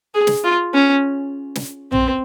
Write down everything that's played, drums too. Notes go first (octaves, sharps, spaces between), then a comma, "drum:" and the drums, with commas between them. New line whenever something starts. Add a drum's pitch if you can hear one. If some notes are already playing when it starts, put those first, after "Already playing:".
G#4
drum: snare
F4
C#4
drum: snare
C4, drum: tom A#1